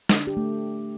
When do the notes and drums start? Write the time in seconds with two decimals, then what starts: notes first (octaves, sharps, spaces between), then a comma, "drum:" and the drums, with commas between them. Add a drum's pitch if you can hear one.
0.09 D3 D4, drum: snare
0.27 G4
0.37 A3